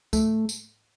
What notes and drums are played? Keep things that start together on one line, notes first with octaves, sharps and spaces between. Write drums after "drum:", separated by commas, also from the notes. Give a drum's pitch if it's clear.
A3, drum: kick, tambourine
drum: tambourine